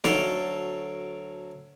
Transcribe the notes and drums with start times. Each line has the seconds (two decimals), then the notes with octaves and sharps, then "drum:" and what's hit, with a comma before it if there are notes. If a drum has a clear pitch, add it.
0.04 D2 F#3 D4 A4 F5 G5, drum: snare